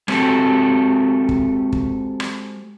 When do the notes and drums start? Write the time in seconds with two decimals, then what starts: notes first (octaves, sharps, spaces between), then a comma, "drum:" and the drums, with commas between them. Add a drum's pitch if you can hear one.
0.08 G#3 B3 C4 F#4 G4 A4, drum: rim click
1.29 drum: kick
1.72 drum: kick
2.20 drum: rim click